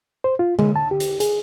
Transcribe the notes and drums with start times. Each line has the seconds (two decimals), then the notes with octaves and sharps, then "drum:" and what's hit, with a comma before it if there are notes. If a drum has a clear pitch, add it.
0.24 C5
0.39 F4
0.59 G#3, drum: tom D3
0.76 A5
0.91 G4
1.00 drum: hi-hat
1.20 G#4, drum: hi-hat